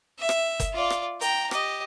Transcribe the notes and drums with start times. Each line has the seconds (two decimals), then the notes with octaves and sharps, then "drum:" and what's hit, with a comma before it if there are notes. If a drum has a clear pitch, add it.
0.19 E5
0.29 drum: rim click
0.60 drum: kick F#1, hi-hat
0.74 F4 D5
0.90 drum: rim click
1.21 G5 A#5, drum: hi-hat
1.51 G4 D#5, drum: rim click